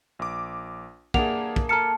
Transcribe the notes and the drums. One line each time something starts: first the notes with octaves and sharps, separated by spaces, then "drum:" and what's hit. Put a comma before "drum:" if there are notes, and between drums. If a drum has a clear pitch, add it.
A#1 D6
E3 G3 A#3 D4 G#4 F#5 F7, drum: kick
drum: kick
A4 A5 A#5 F6 C#7